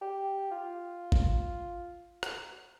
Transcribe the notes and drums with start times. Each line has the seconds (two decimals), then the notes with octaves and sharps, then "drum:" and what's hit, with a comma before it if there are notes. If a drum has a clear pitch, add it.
0.01 G4
0.51 F4
1.12 drum: kick G#1
2.23 drum: rim click